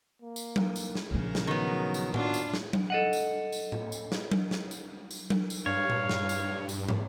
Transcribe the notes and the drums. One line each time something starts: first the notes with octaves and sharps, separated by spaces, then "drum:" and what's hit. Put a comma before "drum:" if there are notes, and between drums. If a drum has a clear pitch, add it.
A#3
drum: tambourine
drum: tom F#3
drum: tambourine
drum: snare
A#1 C#3 F3 A#4
drum: snare
D#3 F#3 B3
drum: tambourine
D4 F4 F#4, drum: tom A2
drum: tambourine
drum: snare
drum: tom F#3
A4 D#5 F#5
drum: tambourine
drum: tambourine
drum: tom A2
drum: tambourine
drum: snare
drum: tom F#3
drum: snare
drum: tambourine
drum: tambourine
drum: tom F#3
drum: tambourine
G2 C#5 F5
drum: tom A#2
drum: snare
drum: tambourine
drum: tambourine
drum: tom